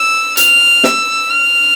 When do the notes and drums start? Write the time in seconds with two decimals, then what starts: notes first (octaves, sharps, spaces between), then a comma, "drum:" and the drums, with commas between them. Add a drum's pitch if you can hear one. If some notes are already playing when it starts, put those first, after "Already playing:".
Already playing: E6
0.37 F6, drum: hi-hat
0.84 E6, drum: snare
1.30 F6